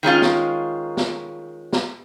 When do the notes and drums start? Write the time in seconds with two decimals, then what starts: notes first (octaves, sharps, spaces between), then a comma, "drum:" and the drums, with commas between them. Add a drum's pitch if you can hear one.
0.03 D#3 G#3 C#4 F4
0.22 drum: snare
0.97 drum: snare
1.73 drum: snare